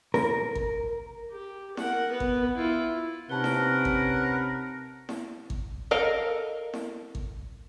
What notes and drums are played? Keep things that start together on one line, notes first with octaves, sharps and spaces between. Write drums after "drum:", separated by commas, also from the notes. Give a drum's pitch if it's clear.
A#4, drum: snare E4
drum: kick G#1
G4
A#4 F#5, drum: snare E4
B3 B4
drum: kick G#1
E4 F4
C3 C#4 D#4 A#4 B4 F#5 A5 G7
drum: snare E4
drum: kick G#1
drum: snare E4
drum: kick G#1
A4 A#4 D#5 F5
drum: snare E4
drum: kick G#1